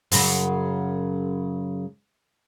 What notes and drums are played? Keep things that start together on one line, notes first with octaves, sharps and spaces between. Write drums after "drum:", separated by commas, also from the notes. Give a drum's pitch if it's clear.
F#2 C#3, drum: open hi-hat